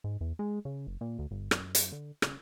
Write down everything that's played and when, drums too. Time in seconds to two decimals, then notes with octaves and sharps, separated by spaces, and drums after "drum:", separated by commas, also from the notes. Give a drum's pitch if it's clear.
0.04 G#2
0.21 E2
0.39 G#3
0.65 C#3
0.87 F#1
1.01 A#2
1.19 D2
1.31 G1
1.51 F#2, drum: rim click
1.75 drum: hi-hat
1.92 D3
2.22 C#3, drum: rim click